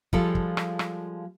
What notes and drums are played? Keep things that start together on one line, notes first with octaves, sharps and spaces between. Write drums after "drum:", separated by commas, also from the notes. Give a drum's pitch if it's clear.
F3 G3 G#3 F4 A4, drum: kick
drum: kick
drum: rim click
drum: rim click